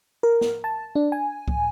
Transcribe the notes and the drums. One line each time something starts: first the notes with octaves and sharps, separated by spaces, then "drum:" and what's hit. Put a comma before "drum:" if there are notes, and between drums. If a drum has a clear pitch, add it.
A#4
drum: snare
A5
D4
G#5
drum: kick C2